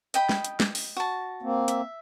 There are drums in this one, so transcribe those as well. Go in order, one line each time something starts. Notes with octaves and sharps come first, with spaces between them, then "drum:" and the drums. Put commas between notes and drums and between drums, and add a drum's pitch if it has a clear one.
D#5 G5 B5, drum: hi-hat
drum: snare
drum: hi-hat
drum: snare
drum: open hi-hat
F#4 A5
A#3 C4
E5, drum: hi-hat